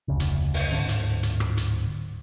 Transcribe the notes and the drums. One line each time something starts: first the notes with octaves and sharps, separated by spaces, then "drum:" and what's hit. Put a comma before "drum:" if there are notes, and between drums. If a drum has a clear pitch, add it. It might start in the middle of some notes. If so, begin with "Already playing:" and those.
F1 D2 C#3
drum: hi-hat
drum: open hi-hat
D1 G#2 D3 C4
drum: hi-hat
drum: hi-hat
drum: rim click
drum: hi-hat